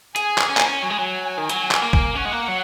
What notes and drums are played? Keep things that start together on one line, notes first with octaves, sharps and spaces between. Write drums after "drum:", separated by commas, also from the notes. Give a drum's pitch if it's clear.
G#4 G#5, drum: hi-hat
drum: clap
C#4
A#3, drum: clap
C#4
F#3 G#5
G#3
F#3
D#3
F#3, drum: hi-hat
drum: clap
A#3
drum: kick A1
C#4 F#5
G#3
A#3
F#3